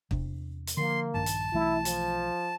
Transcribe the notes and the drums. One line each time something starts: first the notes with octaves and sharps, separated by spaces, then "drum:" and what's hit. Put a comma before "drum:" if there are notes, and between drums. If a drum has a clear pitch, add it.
E2 C3 D4, drum: kick
drum: hi-hat
D3 F3 A#3 C6
A#1 G2 D#3 A5
drum: hi-hat
B1 E3 A3 E4
F3, drum: hi-hat